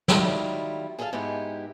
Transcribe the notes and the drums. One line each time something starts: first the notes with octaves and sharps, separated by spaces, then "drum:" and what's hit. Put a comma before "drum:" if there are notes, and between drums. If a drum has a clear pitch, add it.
D#3 F#3 G3 A3 E4 F4, drum: snare
G#4 A4 C5 E5 F5 A5
G#2 G#3 B3 E4 G4